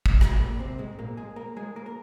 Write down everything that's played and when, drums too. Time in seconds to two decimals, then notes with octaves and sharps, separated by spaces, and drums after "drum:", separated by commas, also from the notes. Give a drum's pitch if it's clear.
0.06 drum: kick
0.21 G#3 G#4, drum: rim click
0.39 A#2 A#3
0.59 C3 C4
0.78 G#2 G#3
0.99 A#2 A#3
1.17 G#3 G#4
1.36 A#3 A#4
1.57 G#3 G#4
1.76 A#3 A#4
1.86 A#4